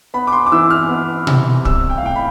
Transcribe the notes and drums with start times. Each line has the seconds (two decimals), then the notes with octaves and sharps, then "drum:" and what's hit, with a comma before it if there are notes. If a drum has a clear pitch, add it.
0.14 B3 B5
0.27 D6
0.32 C6
0.46 D6
0.52 E3 E6
0.70 F6
0.89 B3
1.27 C3, drum: tom B2
1.65 G3 E6, drum: kick
1.90 G5
1.98 F5
2.02 A2 G5
2.16 B5